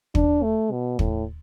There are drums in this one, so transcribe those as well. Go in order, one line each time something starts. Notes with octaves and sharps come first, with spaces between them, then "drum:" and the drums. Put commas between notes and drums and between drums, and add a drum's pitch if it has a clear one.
D4, drum: kick
A3
B2
A2, drum: kick